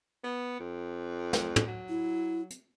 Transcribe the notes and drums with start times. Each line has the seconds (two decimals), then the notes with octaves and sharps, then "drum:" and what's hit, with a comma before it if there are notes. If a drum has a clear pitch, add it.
0.24 B3
0.60 F2
1.33 drum: snare
1.56 drum: tom
1.67 F#3
1.89 E4
2.50 drum: hi-hat